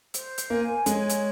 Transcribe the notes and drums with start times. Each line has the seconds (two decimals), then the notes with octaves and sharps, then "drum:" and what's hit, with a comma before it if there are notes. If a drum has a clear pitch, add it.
0.14 C5, drum: hi-hat
0.38 drum: hi-hat
0.50 A#3 G#5
0.86 G#3 C#5, drum: hi-hat
1.09 drum: hi-hat